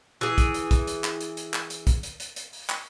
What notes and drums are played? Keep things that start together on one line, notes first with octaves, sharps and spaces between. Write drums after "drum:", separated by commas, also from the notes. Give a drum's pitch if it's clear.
E3 G#4
drum: kick, hi-hat
drum: hi-hat
drum: kick, hi-hat
drum: hi-hat
drum: clap
drum: hi-hat
drum: hi-hat
drum: clap
drum: hi-hat
drum: kick, hi-hat
drum: hi-hat
drum: hi-hat
drum: hi-hat
drum: open hi-hat
drum: clap